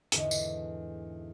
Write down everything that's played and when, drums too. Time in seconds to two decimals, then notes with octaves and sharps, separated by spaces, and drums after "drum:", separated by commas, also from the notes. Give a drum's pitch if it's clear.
0.12 E2 G#2 D3, drum: hi-hat
0.31 drum: tambourine